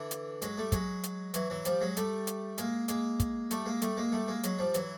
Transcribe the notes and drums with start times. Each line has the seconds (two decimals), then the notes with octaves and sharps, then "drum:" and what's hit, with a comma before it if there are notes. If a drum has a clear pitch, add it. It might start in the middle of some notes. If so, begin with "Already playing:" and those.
Already playing: D3 E3
0.11 drum: hi-hat
0.42 F#3 G#3, drum: hi-hat
0.57 G3 A3
0.72 F#3 G#3, drum: kick, hi-hat
1.03 drum: hi-hat
1.34 E3 F#3, drum: hi-hat
1.50 E3 F#3
1.65 F3 G3, drum: hi-hat
1.81 F#3 G#3
1.97 G3 A3, drum: hi-hat
2.27 drum: hi-hat
2.58 G#3 A#3, drum: hi-hat
2.88 G#3 A#3, drum: hi-hat
3.20 drum: kick, hi-hat
3.51 G3 A3, drum: hi-hat
3.66 G#3 A#3
3.82 G3 A3, drum: hi-hat
3.97 G#3 A#3
4.12 G3 A3
4.28 G#3 A#3
4.43 F#3 G#3, drum: hi-hat
4.59 F3 G3
4.74 E3 F#3, drum: hi-hat